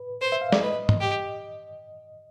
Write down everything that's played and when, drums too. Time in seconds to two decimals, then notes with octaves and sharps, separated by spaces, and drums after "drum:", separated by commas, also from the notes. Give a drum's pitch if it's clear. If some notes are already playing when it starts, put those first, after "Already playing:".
Already playing: B4
0.21 C5
0.32 E5
0.41 F5
0.52 D5, drum: snare
0.61 B4 D#5
0.89 drum: tom
1.00 G4